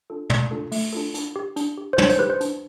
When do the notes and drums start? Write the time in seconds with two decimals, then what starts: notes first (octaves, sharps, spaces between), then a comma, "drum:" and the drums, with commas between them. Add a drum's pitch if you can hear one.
0.10 D4 F4 A4
0.30 A3 D5, drum: tom
0.51 D4 F4 A4
0.72 A3, drum: open hi-hat
0.93 D4 F4 A4
1.14 D4, drum: hi-hat
1.36 G4
1.56 D4, drum: hi-hat
1.78 G4
1.93 C5
1.98 D4 C#5, drum: tom
2.09 C5, drum: hi-hat
2.19 G4 B4
2.30 C5
2.41 D4, drum: hi-hat